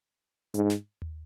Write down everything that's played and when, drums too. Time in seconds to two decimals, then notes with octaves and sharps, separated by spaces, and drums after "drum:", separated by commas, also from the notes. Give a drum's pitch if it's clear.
0.54 G#2, drum: hi-hat
0.70 drum: snare
1.02 drum: tom D#2